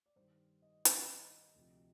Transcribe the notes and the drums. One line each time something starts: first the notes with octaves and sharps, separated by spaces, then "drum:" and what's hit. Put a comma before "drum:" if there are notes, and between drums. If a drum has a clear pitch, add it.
D5
G2 D#3 G3 C5
D#5
D#5, drum: hi-hat
D2 C3 F3